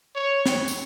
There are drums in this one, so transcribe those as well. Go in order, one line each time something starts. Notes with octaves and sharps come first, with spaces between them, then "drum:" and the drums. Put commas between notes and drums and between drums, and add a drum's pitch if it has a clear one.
C#5
drum: snare
drum: tambourine